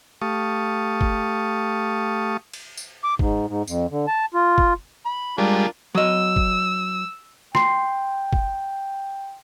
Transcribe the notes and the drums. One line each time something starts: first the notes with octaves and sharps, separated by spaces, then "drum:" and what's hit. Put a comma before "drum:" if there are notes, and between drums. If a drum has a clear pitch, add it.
A3 G4 F5 A5 C#6 D#6
drum: kick G1
drum: cymbal
drum: tambourine
D6
G#2, drum: kick G1
G#2
F2, drum: tambourine
D3
A5
F4
drum: kick G1
B5
G3 G#3 D4 F4 A#4
F#3 D#5 E6
drum: kick G1
G5 C6, drum: rim click
drum: kick G1